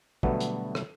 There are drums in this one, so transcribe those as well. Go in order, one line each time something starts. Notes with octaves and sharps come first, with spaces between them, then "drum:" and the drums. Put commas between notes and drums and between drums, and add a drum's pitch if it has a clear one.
B2 D3 F#3 G3 A3 B3, drum: kick
drum: hi-hat
drum: rim click